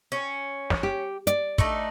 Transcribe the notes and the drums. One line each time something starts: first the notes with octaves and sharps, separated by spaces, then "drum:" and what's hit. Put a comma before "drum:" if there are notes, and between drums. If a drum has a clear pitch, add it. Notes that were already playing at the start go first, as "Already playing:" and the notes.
C#4
drum: snare
G4
D5, drum: hi-hat
A3 D4 D#4, drum: kick